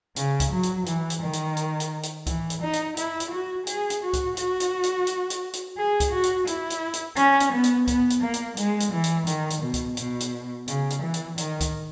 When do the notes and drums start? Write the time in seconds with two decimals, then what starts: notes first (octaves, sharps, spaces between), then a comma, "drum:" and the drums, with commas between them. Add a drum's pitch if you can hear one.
0.16 C#3, drum: hi-hat
0.40 drum: kick C#2, hi-hat
0.52 F#3
0.63 drum: hi-hat
0.86 E3, drum: hi-hat
1.10 drum: hi-hat
1.22 D#3
1.33 drum: hi-hat
1.57 drum: hi-hat
1.80 drum: hi-hat
2.03 drum: hi-hat
2.27 E3, drum: kick C#2, hi-hat
2.50 drum: hi-hat
2.62 D#4
2.73 drum: hi-hat
2.97 E4, drum: hi-hat
3.20 drum: hi-hat
3.31 F#4
3.67 G#4, drum: hi-hat
3.90 drum: hi-hat
4.02 F#4
4.13 drum: kick C#2, hi-hat
4.37 F#4, drum: hi-hat
4.60 drum: hi-hat
4.83 drum: hi-hat
5.07 drum: hi-hat
5.30 drum: hi-hat
5.53 drum: hi-hat
5.77 G#4
6.00 drum: kick C#2, hi-hat
6.11 F#4
6.24 drum: hi-hat
6.47 E4, drum: hi-hat
6.70 drum: hi-hat
6.94 drum: hi-hat
7.16 C#4, drum: hi-hat
7.40 drum: hi-hat
7.52 B3
7.64 drum: hi-hat
7.87 B3, drum: kick C#2, hi-hat
8.10 drum: hi-hat
8.22 A#3
8.34 drum: hi-hat
8.57 G#3, drum: hi-hat
8.80 drum: hi-hat
8.92 E3
9.04 drum: hi-hat
9.27 D#3, drum: hi-hat
9.50 drum: hi-hat
9.62 B2
9.74 drum: kick C#2, hi-hat
9.97 B2, drum: hi-hat
10.20 drum: hi-hat
10.68 C#3, drum: hi-hat
10.90 drum: hi-hat
11.02 E3
11.14 drum: hi-hat
11.38 D#3, drum: hi-hat
11.60 drum: kick C#2, hi-hat